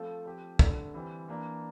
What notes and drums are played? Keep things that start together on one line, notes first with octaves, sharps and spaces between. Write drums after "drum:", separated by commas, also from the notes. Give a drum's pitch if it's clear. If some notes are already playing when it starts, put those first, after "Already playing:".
Already playing: F3 A3 C4 F4 A4
F3 C4 G4
G2 D3 A3 D4, drum: kick
E3 G3 C4
E3 A#3 D4